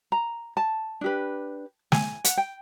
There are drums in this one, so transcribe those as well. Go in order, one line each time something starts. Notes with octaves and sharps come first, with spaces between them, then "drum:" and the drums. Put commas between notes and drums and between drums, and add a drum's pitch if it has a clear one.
A#5
A5
D4 G4 B4
G#5, drum: snare
F#5, drum: hi-hat
G5